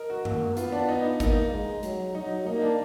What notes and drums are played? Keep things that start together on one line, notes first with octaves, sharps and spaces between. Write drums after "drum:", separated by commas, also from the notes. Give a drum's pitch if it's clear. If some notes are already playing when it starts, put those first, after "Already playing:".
Already playing: A#4 D#5
F#4
A#3, drum: tom F#2
B3 F4, drum: hi-hat
D4
D#4
A#3 D#4, drum: kick, hi-hat
G#3
F#3, drum: hi-hat
F#3 D#4
A#3 D#4
D4